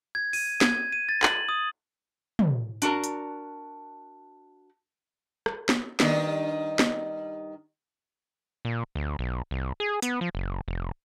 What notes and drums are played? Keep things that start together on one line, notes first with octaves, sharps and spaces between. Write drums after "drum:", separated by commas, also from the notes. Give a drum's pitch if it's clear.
G#6
D#7, drum: open hi-hat
G#6, drum: snare
D#7
A6
F#7, drum: clap
D#6
drum: tom
D4 F#4 A4 A#4 A5, drum: hi-hat
drum: hi-hat
drum: rim click
drum: snare
G2 D#3, drum: snare
drum: snare
A#2
D2
B1
C2
G#4
B3, drum: hi-hat
F3
F#1
F1